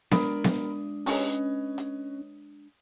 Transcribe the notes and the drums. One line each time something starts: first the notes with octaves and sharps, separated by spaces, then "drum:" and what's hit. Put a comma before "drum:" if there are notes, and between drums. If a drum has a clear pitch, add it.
G#3 D4 A#4 B5 D#6, drum: snare B3
drum: snare B3
C#4 B4 C#5 D#5, drum: open hi-hat
drum: hi-hat